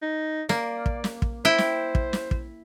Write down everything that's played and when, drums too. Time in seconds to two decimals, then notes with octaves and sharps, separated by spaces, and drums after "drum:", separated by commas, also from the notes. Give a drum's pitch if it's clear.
0.02 D#4
0.49 A#3 D5, drum: snare
0.86 drum: kick
1.04 drum: snare
1.22 drum: kick
1.45 E4 C5 G5
1.58 drum: snare
1.95 drum: kick
2.13 drum: snare
2.31 drum: kick